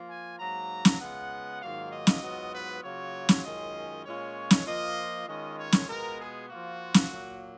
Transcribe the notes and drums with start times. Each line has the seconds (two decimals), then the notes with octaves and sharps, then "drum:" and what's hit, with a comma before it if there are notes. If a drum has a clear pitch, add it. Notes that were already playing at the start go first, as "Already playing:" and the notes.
Already playing: F3 A#3 F4
0.08 G#5
0.39 G#2 F#3 A#3 A#5
0.85 drum: snare
1.00 C#3 G#3 B3 F4 F#5
1.61 G#2 D#3 F#3 A#3 F4 F5
1.92 D#5
2.07 drum: snare
2.22 G#2 F#3 B3 F4
2.52 B4
2.83 C#3 F#3 A#3 F4 C#5
3.29 drum: snare
3.44 F#2 D#3 G#3 C#4 F4 D#5
4.05 A#2 G#3 C#4 F4 C#5
4.51 drum: snare
4.65 F3 A#3 F4 D#5
5.27 D#3 G#3 C#4 F4 D#5
5.57 C#5
5.72 drum: snare
5.87 B2 G#3 B3 F4 A#4
6.18 G#4
6.48 F3 A#3 F4 F#4
6.94 drum: snare
7.09 A#2 F#3 A#3